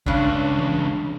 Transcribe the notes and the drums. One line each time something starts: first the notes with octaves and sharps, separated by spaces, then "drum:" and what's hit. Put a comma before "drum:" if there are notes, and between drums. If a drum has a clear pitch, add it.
C#2 G2 C#4 D4, drum: kick
drum: tom E3